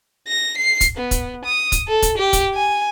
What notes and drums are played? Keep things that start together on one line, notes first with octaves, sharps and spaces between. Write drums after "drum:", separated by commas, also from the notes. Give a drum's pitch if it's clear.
A#6
C7
drum: kick, hi-hat
B3
drum: kick, hi-hat
D#6
drum: kick, hi-hat
A4
drum: kick, hi-hat
G4
drum: kick, hi-hat
G#5